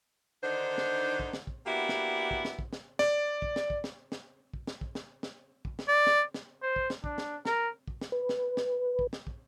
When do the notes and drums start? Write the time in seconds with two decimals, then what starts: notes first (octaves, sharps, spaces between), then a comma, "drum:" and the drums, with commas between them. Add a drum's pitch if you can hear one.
0.44 D3 D#3 D4 D#4 C5
0.78 drum: snare
1.19 drum: kick
1.33 drum: snare
1.47 drum: kick
1.66 A#3 B3 D4 E4 F#4 G4
1.89 drum: snare
2.31 drum: kick
2.45 drum: snare
2.59 drum: kick
2.73 drum: snare
2.99 D5, drum: snare
3.42 drum: kick
3.56 drum: snare
3.70 drum: kick
3.84 drum: snare
4.12 drum: snare
4.53 drum: kick
4.67 drum: snare
4.81 drum: kick
4.95 drum: snare
5.23 drum: snare
5.65 drum: kick
5.79 drum: snare
5.88 D5
6.07 drum: snare
6.34 drum: snare
6.62 C5
6.76 drum: kick
6.90 drum: snare
7.04 D4, drum: kick
7.18 drum: snare
7.45 A#4, drum: snare
7.88 drum: kick
8.01 drum: snare
8.12 B4
8.29 drum: snare
8.57 drum: snare
8.99 drum: kick
9.13 drum: snare
9.27 drum: kick